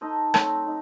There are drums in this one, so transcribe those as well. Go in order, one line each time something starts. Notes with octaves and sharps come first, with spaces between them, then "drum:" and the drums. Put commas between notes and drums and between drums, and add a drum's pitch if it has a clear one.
D#4 A4 C5 D#5
F#3 A3 C4, drum: rim click
D#4